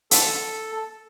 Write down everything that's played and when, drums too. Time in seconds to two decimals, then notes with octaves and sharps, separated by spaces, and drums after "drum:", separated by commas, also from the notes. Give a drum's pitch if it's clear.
0.11 A4, drum: hi-hat